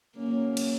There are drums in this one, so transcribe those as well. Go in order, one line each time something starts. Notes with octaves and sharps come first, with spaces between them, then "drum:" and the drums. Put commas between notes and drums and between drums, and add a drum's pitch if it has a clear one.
C#3 F#3 A#3 C#4
drum: cymbal